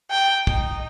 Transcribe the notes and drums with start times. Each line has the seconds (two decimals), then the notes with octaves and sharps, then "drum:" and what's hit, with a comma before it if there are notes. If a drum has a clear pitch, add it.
0.11 G5
0.47 D#4, drum: kick